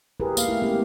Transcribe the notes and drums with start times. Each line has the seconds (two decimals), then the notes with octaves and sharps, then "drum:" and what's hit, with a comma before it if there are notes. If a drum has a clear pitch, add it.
0.20 E4 G4 G#4 A#4 B4
0.37 A#3 F5, drum: tambourine
0.48 A3 E4
0.62 G#3 A#3 B3 C#4 G4